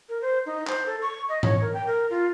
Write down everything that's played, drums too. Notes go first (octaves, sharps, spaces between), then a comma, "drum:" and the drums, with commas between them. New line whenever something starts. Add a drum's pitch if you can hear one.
A#4
C5
D#4
C5, drum: clap
A4
C#6
D#5
C#5, drum: tom G#2
A#4
G5
A#4
F4